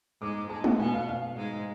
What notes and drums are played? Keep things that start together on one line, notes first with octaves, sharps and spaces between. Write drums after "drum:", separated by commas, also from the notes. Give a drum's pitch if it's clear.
G#2 G#3 D6
G#2 G#3 A5
F#5, drum: tom G#3
B2 B3 G#5
F5
F5
G#2 G#3